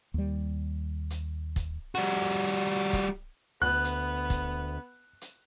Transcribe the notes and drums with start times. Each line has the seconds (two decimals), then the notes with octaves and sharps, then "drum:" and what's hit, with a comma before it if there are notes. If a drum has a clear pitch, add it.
0.14 D#2 G3
1.10 drum: hi-hat
1.56 drum: kick, hi-hat
1.95 G3 F#4
2.47 drum: hi-hat
2.93 drum: kick, hi-hat
3.62 D2 B3 F#6
3.84 drum: hi-hat
4.30 drum: kick, hi-hat
5.21 drum: hi-hat